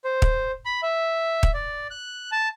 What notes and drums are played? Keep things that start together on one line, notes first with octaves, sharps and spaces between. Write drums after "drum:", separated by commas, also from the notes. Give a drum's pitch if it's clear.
C5
drum: kick
B5
E5
drum: kick
D5
F#6
A5